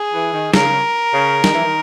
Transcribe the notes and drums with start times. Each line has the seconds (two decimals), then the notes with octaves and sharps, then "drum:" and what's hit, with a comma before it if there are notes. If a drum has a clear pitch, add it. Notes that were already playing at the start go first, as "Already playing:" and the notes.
Already playing: G#4
0.14 E3
0.33 D#3
0.54 C#3 A#4, drum: snare
1.13 C#3
1.44 D#3, drum: snare
1.54 E3
1.65 D#3